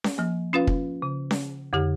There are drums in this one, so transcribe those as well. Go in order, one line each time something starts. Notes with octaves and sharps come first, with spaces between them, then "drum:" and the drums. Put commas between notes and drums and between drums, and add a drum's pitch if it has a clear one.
drum: snare C#4
F3 A#3
C#4 F4 B4 F5
drum: kick
C#3
drum: snare C#4
F2 D3 G4